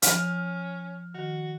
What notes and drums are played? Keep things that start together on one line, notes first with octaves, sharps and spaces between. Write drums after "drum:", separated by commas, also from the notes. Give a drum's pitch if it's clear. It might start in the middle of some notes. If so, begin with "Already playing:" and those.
F3 C#4 F6, drum: hi-hat
D#3 F#4